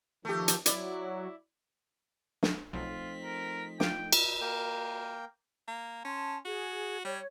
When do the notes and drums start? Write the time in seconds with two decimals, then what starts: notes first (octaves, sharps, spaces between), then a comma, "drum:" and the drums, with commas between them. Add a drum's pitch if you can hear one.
0.25 D#3 F3 A3 G4
0.48 drum: hi-hat
0.66 F#3 E4 D5, drum: hi-hat
2.43 drum: snare
2.73 B1 F3 A3 C4 D#4 F4 B6
3.24 A#4
3.80 F4 G5 D6, drum: snare
4.12 drum: cymbal
4.41 A#3 A#4 G5
5.68 A#3
6.05 C#4 A5 C6
6.45 F#4 G#4
7.05 G3 C#5